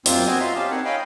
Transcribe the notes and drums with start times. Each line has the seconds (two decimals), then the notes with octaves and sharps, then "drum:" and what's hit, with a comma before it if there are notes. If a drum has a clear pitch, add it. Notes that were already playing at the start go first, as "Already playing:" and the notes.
0.06 F#2 A#3 C4 F4, drum: hi-hat
0.27 B3 C4 F#4 G#5
0.40 F4 D#5 E5 A#5 C6
0.55 C#4 G4 F5 A5
0.71 C4 D#4 A#4 C#5 F#5
0.85 C#5 D#5 F5 G5 G#5 B5